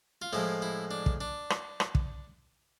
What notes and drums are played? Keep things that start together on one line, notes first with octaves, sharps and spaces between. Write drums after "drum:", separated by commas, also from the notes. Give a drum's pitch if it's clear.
F4
A2 F3 G#3 E4
E4
D4
drum: kick
D4
drum: rim click
drum: rim click
drum: kick